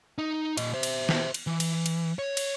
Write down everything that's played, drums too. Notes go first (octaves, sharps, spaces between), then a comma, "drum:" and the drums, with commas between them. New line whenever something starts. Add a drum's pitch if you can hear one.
D#4
A#2 D#5, drum: cymbal
C5 E5
drum: cymbal
drum: snare
drum: cymbal
E3
drum: cymbal
drum: cymbal
C#5
drum: cymbal